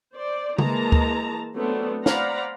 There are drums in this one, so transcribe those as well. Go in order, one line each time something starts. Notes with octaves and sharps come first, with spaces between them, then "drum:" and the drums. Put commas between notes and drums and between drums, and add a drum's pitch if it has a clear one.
C5 D5
E3 G#3 A#3 A5 A#5, drum: tom C#3
drum: kick D2
F#3 A3 B3 C4 D4
C5 D5 F5 F#5 A#5 B5, drum: snare